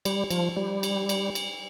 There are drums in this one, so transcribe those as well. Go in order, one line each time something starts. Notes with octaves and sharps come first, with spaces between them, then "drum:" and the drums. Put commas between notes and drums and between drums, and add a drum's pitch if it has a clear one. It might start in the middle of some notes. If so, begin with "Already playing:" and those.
G3, drum: cymbal
F3, drum: cymbal
G3
drum: cymbal
drum: cymbal
drum: cymbal